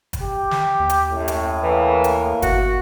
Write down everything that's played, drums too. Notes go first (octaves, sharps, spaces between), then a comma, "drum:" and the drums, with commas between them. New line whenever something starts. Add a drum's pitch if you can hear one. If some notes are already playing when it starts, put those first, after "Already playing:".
drum: kick, hi-hat
G4
drum: snare
D#2
drum: hi-hat
F#2 A2
drum: hi-hat
E3 A#3 A#4
drum: hi-hat
G1 F#4, drum: kick, hi-hat